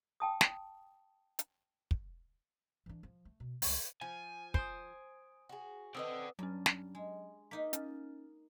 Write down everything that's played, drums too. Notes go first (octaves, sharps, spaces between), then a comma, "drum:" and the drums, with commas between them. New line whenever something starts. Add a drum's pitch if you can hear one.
G5 A5 D#6
drum: snare
drum: hi-hat
drum: kick
E3 D4
F3
A3
B2
C#2 G3, drum: open hi-hat
F3 G#5
C5 D#6 D7, drum: kick
F#4 G#4
C4 A4 B4 D5 D#5 F#5 D#6 E6
G2 F#3 C#4
drum: snare
G#3
A#3 D#4 D#5 B6
C#4, drum: hi-hat